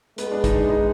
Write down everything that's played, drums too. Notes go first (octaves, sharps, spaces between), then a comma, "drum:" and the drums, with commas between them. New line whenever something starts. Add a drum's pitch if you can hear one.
G#3 B3, drum: hi-hat
D4
D#4, drum: kick, hi-hat
D4
D#4